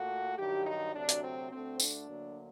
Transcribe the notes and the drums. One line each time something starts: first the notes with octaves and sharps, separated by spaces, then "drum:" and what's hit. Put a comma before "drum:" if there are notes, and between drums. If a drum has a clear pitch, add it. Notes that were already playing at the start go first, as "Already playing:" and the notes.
Already playing: A#2 A3 F#4
G2 D#3 F#3 G4
D#4
D2 C3 F#3 D4
drum: hi-hat
C4
D2 D3 A3 C4
D4, drum: tambourine
D2 D3 F#3 A#3